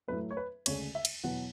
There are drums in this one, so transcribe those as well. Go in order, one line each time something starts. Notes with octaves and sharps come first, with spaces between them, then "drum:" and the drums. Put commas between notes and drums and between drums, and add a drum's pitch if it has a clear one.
A2 F#3 A3 B4
C#5
B4
D2 C#3 G#3 D4 C#5, drum: cymbal
E5
drum: cymbal
E2 B2 F#3 B3 F#5